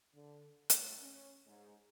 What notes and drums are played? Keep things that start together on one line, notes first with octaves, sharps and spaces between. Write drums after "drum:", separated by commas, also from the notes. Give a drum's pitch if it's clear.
D3
A2, drum: hi-hat
C#4
G#2